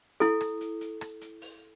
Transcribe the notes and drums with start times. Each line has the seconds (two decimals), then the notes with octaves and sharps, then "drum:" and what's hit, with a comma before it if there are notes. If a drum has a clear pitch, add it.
0.20 E4 A4, drum: hi-hat
0.41 drum: rim click
0.61 drum: hi-hat
0.81 drum: hi-hat
1.01 drum: rim click
1.21 drum: hi-hat
1.42 drum: open hi-hat